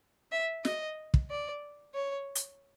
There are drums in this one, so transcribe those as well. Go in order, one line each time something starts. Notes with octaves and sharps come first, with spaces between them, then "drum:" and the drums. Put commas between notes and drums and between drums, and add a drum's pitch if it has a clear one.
E5
D#5, drum: snare
drum: kick
D5
C#5
drum: hi-hat